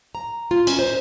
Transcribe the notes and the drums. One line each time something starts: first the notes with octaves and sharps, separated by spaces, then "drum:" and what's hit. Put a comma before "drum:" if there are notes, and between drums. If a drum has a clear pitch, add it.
A#5
F4
C#4, drum: cymbal
C5